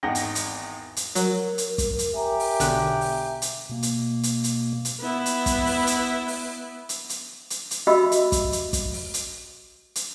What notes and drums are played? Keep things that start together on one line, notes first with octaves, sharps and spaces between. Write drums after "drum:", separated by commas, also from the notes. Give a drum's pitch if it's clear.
G#1 E2 D#4 F#5 G5 A#6
drum: hi-hat
drum: hi-hat
drum: hi-hat
F#3 A#4, drum: hi-hat
drum: hi-hat
drum: kick, hi-hat
drum: hi-hat
G4 E5 G#5 A#5
drum: open hi-hat
B1 D3 F#6, drum: hi-hat
drum: open hi-hat
drum: hi-hat
B2 A#3
drum: hi-hat
drum: hi-hat
drum: hi-hat
drum: hi-hat
B3 E4
drum: hi-hat
drum: kick, hi-hat
drum: open hi-hat
drum: hi-hat
drum: open hi-hat
drum: hi-hat
drum: hi-hat
drum: hi-hat
drum: hi-hat
F#4 G4 D#5 E5 B5 E6
drum: hi-hat
drum: kick, hi-hat
drum: hi-hat
drum: kick, hi-hat
drum: open hi-hat
drum: hi-hat
drum: hi-hat